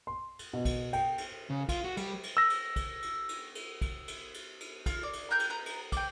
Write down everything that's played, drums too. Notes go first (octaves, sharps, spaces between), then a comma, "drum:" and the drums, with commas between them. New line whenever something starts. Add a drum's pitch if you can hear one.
C6
drum: cymbal
B2
drum: kick, cymbal
G5, drum: cymbal
drum: cymbal
C#3
F4, drum: kick, cymbal
F#4
G3, drum: cymbal
drum: cymbal
E6 A#6
drum: cymbal
drum: kick, cymbal
drum: cymbal
drum: cymbal
drum: cymbal
drum: kick, cymbal
drum: cymbal
drum: cymbal
drum: cymbal
F4, drum: kick, cymbal
D5
drum: cymbal
A#4 G5 F#6 G6
drum: cymbal
B4 A#5
drum: cymbal
G5 D6, drum: kick, cymbal